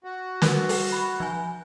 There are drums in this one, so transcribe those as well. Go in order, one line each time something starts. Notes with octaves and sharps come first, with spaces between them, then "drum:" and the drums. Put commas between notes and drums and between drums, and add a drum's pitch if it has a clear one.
F#4
G3 A#4 B4, drum: snare
drum: open hi-hat
B5
F3 G#5